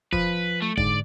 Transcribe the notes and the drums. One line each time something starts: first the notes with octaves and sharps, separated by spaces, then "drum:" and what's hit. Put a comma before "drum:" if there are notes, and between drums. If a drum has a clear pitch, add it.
F3 B4, drum: kick
A3
G#2 D3 D5, drum: kick